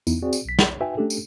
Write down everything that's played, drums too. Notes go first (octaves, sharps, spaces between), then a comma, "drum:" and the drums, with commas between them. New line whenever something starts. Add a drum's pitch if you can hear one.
E2 B3 D#4 E4, drum: tambourine
C4 F#4 G#4 D5
drum: tambourine
B1 B6
drum: snare
D#4 F#4 B4 E5 G5 G#5
A3 C#4 D4 G4 A4
drum: tambourine